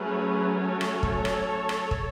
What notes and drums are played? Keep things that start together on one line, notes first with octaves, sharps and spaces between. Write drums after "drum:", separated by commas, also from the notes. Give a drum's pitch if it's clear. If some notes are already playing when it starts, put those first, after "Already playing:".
Already playing: F#3 A3 C#4 G#4 B4
A4 C#5
drum: rim click
drum: kick
drum: rim click
drum: rim click
drum: kick